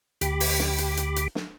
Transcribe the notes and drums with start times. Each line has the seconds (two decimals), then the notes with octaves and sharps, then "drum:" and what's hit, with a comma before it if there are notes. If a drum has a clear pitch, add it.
0.21 D2 G4 B5 D6, drum: hi-hat
0.40 drum: open hi-hat
0.59 drum: snare
0.78 drum: hi-hat
0.97 drum: hi-hat
1.16 drum: hi-hat
1.35 drum: snare